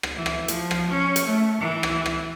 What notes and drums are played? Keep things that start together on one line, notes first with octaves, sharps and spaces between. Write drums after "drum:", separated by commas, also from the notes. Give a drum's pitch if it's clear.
drum: rim click
E3
drum: rim click
F3, drum: hi-hat
drum: rim click
C#4
drum: hi-hat
A3
E3
drum: rim click
drum: rim click